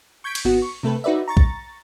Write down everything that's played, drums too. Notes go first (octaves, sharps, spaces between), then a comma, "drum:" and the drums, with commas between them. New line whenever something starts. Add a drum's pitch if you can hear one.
C#6 G6 G#6 B6 D7
drum: cymbal
G#1 B3 F#4
C#6
C3 A3 A4 B4
D#4 F#4 B4 D5 E5
A#5 C#6 A6
drum: kick B1